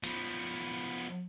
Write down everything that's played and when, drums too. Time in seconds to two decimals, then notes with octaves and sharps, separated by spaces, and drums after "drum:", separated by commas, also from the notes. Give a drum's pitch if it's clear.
0.03 F3 B3, drum: hi-hat